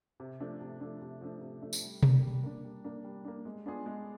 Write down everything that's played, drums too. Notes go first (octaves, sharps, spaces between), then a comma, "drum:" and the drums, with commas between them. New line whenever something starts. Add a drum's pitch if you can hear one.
C3
F3 A3 D4
C3
F3 A3 D4
C3
F3 A3 D4
C3
F3 A3 D4
drum: tambourine
G3
A#3 D4, drum: tom B2
G3
A#3 D4
G3
A#3 D4
G3
A#3 D4
G#3
B3 D4 F4 G#4
G#3